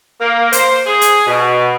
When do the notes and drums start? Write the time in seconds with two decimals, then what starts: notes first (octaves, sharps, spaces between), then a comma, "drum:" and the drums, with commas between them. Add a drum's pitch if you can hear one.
0.21 A#3
0.53 C5, drum: hi-hat
0.86 G#4
1.01 drum: hi-hat
1.26 B2